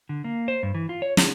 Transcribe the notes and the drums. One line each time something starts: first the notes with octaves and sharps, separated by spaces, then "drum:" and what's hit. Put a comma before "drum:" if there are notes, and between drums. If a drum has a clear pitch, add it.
D3
A#3
C5
G2
E3
F4
C#5
D3, drum: snare